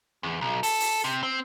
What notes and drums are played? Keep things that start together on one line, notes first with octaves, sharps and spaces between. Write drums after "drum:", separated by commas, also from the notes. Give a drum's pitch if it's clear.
E2
B1
A4, drum: open hi-hat
drum: open hi-hat
C3
C4